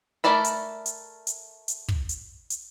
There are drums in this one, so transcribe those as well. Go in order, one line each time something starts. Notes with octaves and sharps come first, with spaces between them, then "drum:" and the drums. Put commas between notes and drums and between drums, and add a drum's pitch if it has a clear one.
A3 A#4 D5 A5 B5
drum: hi-hat
drum: hi-hat
drum: hi-hat
drum: hi-hat
drum: kick
drum: hi-hat
drum: hi-hat